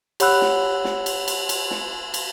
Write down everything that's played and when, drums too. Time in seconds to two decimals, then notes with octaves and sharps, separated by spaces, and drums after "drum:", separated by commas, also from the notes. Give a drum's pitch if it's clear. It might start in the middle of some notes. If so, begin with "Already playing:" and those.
0.20 G4 C#5 F#5 B5 E6 F#6, drum: cymbal
0.41 drum: snare
0.85 drum: snare
1.06 drum: cymbal
1.28 drum: cymbal
1.49 drum: cymbal
1.71 drum: snare
2.14 drum: cymbal